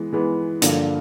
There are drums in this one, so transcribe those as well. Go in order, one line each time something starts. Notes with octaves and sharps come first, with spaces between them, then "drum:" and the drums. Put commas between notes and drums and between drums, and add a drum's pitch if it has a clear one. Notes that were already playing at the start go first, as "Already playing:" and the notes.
Already playing: E3 G#3 B3
E3 G#3 B3
G2 D3 F3 A#3 D4, drum: hi-hat